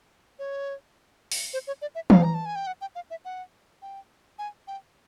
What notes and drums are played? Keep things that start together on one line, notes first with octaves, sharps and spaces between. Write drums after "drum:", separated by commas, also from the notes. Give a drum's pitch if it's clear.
C#5
drum: open hi-hat
C5
C#5
D5
E5
F5, drum: tom E3
A#5
A5
G#5
G5
F#5
G5
F5
E5
F#5
G5
G#5
G5